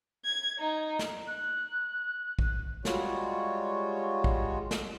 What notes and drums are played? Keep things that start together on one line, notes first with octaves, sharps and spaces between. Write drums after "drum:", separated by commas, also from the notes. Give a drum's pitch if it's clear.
G#6
D#4
drum: snare
F#6
drum: kick
G3 G#3 F4 F#4 C#5, drum: snare
drum: kick
drum: snare